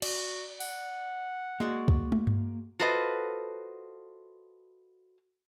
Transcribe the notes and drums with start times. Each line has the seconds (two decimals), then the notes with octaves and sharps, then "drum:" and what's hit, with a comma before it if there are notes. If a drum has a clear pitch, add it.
0.02 F#4 D5, drum: cymbal
0.60 F#5, drum: open hi-hat
1.60 G#3 A#3 F#4 D5
1.88 drum: kick
2.12 drum: tom
2.27 drum: tom G2
2.79 F4 F#4 A4 B4 C5 D#5